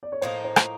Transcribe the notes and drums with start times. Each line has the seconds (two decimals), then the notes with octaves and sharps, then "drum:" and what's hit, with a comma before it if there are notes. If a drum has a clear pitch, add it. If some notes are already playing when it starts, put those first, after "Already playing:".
0.03 D5
0.12 C#5
0.21 A2 F3 A#3 D#4 C5
0.44 C5
0.56 drum: rim click